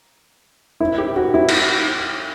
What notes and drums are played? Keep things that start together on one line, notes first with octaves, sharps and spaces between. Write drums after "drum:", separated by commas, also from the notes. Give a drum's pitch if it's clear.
E4
G4
F#4
E4
drum: cymbal